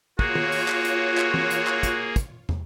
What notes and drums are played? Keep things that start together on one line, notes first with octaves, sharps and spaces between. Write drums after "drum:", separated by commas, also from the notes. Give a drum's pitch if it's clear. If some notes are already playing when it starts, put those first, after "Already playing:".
A#3 F4 F#4 G#4 C#5, drum: kick
drum: tom
drum: open hi-hat
drum: clap
drum: hi-hat
drum: clap
drum: tom
drum: hi-hat
drum: clap
drum: kick, hi-hat
drum: kick, hi-hat
drum: tom